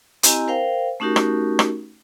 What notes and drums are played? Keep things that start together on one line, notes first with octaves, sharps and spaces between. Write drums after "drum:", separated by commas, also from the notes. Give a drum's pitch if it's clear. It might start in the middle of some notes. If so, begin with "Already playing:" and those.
C4 E4 G4 D#5 G#5 A#5, drum: hi-hat
A#4 C5 F5 G5
A3 C#4 D#4 F#4 G4 A#4
drum: rim click
drum: rim click